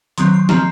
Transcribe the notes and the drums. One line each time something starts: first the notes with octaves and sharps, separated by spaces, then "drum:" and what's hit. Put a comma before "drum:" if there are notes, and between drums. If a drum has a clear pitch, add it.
D#3 F#3 C4 C6, drum: hi-hat
C6
F3 C4 A#5, drum: snare